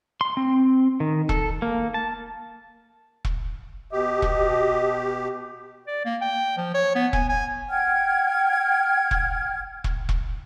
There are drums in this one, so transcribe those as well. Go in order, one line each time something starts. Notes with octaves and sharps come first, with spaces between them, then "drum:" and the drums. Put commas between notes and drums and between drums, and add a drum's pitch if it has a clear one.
C6
C4
D#3
A4, drum: kick E1
A#3
A5
drum: kick E1
B2 G4 D#5
drum: kick E1
D5
A#3
G5
F3
C#5
B3
G#5, drum: kick E1
G#5
F#5 G5 F6 G#6
drum: kick E1
drum: kick E1
drum: kick E1